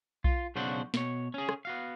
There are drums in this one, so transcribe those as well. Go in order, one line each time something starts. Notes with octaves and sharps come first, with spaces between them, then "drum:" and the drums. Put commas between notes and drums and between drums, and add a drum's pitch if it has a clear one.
F4, drum: kick B1
B1 C#3 D4 F#4 C5 F#5
B2 C#5, drum: snare
C#4 G#4
drum: rim click
B3 F#4 F5